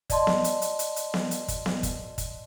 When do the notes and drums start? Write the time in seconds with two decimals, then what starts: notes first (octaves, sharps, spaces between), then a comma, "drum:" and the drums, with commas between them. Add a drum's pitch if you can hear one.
0.10 D5 D#5 A5 C6, drum: kick, hi-hat
0.27 drum: snare B3
0.44 drum: hi-hat
0.62 drum: hi-hat
0.79 drum: hi-hat
0.96 drum: hi-hat
1.14 drum: snare B3
1.31 drum: hi-hat
1.48 drum: kick, hi-hat
1.66 drum: snare B3
1.83 drum: kick, hi-hat
2.18 drum: kick, hi-hat